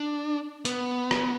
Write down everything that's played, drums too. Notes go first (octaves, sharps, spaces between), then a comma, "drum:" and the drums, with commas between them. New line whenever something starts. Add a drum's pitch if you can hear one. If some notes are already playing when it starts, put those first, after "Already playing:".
Already playing: D4
B3, drum: hi-hat
drum: rim click